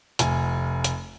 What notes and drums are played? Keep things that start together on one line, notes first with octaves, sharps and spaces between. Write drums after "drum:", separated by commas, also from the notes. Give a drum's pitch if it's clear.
F1 G#5, drum: hi-hat
drum: hi-hat